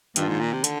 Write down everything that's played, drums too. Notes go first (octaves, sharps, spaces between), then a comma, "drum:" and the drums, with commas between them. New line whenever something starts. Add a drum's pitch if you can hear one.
G2 D#3 A#3 D4 F4, drum: hi-hat
G#2
A#2
C3
D3, drum: hi-hat